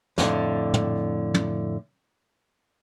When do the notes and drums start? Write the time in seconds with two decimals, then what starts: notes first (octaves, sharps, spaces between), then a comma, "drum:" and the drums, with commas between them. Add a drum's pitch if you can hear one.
0.18 F2 A2 D3, drum: snare
0.74 drum: tom
1.34 drum: tom